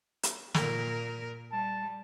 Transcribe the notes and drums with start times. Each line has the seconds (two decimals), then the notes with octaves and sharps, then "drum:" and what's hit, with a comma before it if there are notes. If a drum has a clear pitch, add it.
0.23 drum: hi-hat
0.54 A#2 A#4, drum: snare
1.52 G3 A5